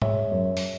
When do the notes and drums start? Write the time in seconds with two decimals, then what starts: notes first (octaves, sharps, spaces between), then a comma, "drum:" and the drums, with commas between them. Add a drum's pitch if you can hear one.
0.02 G#3 C#5 E5, drum: tom G#2
0.31 F#2
0.57 drum: open hi-hat